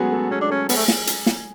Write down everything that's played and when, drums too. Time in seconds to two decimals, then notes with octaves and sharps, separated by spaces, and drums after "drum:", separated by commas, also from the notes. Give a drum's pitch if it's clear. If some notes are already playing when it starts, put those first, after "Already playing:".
Already playing: F#3 G#3 A3 B3 C#4 F#4 G#4
0.12 A4
0.31 C#4 G#4
0.41 D4
0.50 C#4 A4
0.69 B3 G#4, drum: open hi-hat
0.76 A3
0.88 drum: snare
1.07 drum: hi-hat
1.26 drum: snare